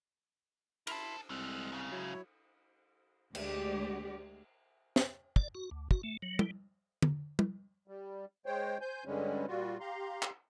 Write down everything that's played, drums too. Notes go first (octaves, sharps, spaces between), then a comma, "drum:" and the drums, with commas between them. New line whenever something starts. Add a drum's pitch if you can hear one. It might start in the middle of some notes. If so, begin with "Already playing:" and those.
E4 A#4 A5 B5 C6, drum: cymbal
C2 G#3 A4 F6 F#6
G#2 C#3
F#3 E4 C#5
D2 G#3 G4 D5, drum: cymbal
drum: snare
D5, drum: kick
F#4
D2
F#4, drum: kick
A3
F#3
G3, drum: tom
drum: tom
drum: tom
G3
G#3 C5 C#5 G5
C5 G#5 G6
G2 D3 G3 G#3 C#4
A#2 G3 F4 F#4
G4 F5 A#5 C6
drum: clap